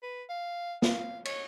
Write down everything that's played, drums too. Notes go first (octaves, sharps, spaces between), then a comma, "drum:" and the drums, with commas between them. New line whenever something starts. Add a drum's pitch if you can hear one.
B4
F5
F5, drum: snare
C#5, drum: cymbal